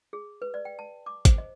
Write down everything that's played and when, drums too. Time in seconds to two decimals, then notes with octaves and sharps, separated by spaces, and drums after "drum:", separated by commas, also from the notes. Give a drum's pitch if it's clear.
0.13 G#4
0.42 B4
0.54 D5
0.65 G5
0.79 A5
1.06 D6
1.25 C5, drum: kick, hi-hat
1.38 D#5